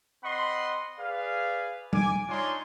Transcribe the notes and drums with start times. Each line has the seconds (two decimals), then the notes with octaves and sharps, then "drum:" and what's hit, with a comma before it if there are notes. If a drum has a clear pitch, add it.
0.23 C4 D#5 F#5 B5 C6
0.98 G#4 B4 D5 F5
1.93 G#5 D6, drum: tom
2.28 D4 D#4 F4 C#5 G#5 C6